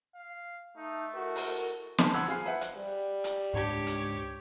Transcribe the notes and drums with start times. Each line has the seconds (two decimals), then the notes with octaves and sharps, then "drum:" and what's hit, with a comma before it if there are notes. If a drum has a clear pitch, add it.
0.15 F5
0.77 A3 D#4
1.15 E4 F#4 A4 A#4
1.36 drum: open hi-hat
1.98 B4 C5 F5 G#5 A5 C6, drum: snare
2.14 F#5 B5 C6 E6 F#6 G#6
2.27 F4 G#4 F5
2.46 B4 C5 E5 F#5
2.61 drum: hi-hat
2.77 G3
3.24 drum: hi-hat
3.54 C#2 G#2 D4 G4 C#5
3.87 drum: hi-hat